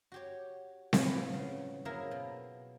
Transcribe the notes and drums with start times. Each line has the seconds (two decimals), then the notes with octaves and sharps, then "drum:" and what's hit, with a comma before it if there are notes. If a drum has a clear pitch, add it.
0.12 F#4 G4 C#5
0.93 A2 F3 G3 B3 G#5, drum: snare C4
1.33 C#3
1.85 F3 F#3 A#3 E4 G#4 A#4
2.11 B2